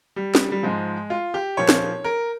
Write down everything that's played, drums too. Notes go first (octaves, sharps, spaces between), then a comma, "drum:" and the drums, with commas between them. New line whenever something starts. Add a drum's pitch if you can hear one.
G3
drum: snare
G3
G#2 F3 G#3
F4
G4
A#2 F3 C#5
drum: snare
A#4